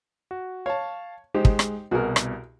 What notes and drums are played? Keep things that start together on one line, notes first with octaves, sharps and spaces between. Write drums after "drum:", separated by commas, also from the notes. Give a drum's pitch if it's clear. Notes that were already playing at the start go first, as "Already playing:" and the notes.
F#4
C#5 F5 A5
G#3 D#4 G4 C5
drum: kick
drum: rim click
C2 B2 F#4 G#4 A#4
drum: rim click